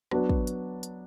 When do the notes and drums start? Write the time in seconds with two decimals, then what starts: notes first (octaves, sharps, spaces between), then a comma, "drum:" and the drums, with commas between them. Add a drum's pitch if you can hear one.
0.11 F#3 B3 D4 F#4 B4, drum: rim click
0.29 drum: kick
0.47 drum: hi-hat
0.83 drum: hi-hat